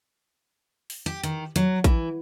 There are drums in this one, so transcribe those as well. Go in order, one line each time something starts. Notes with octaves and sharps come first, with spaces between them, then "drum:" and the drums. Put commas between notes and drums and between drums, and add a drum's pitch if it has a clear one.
drum: open hi-hat
G4
D#3, drum: hi-hat
F#3, drum: hi-hat
E3, drum: kick A1, hi-hat